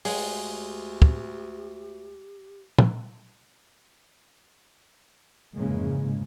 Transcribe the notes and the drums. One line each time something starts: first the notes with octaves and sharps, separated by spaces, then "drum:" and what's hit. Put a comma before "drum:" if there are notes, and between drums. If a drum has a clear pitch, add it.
D2 G#3 G4 G#4, drum: open hi-hat
drum: kick
drum: tom A#2
F1 G#2 C#3 E3 G#3 A#3